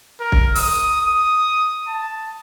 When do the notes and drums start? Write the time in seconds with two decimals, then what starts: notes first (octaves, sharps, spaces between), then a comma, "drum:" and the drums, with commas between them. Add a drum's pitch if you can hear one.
0.20 A#4
0.32 drum: kick
0.55 D#6, drum: open hi-hat
1.01 D#6
1.88 A5